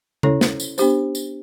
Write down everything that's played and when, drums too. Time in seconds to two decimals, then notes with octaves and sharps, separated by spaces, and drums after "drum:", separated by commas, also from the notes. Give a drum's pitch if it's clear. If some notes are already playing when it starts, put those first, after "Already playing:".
0.23 C#4 E4 A4 C#5, drum: tom C#3
0.41 drum: snare
0.60 drum: tambourine
0.78 B3 D4 G4 C5, drum: tambourine
1.15 drum: tambourine